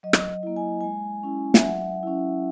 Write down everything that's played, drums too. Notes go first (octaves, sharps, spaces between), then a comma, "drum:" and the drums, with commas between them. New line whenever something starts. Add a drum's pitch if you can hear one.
F#3 D#5
drum: rim click
A#3 E4
G#5
G#3 G#5
C#4 E4
E5, drum: snare
F#3 F#5
C#4 E4